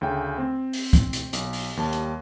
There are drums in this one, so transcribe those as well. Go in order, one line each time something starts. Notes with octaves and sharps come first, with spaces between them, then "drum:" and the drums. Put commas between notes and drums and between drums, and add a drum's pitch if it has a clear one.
D2 C#3 G5
C4
drum: open hi-hat
drum: kick, hi-hat
drum: hi-hat
B1, drum: hi-hat
drum: open hi-hat
D#2 G3 A5
drum: hi-hat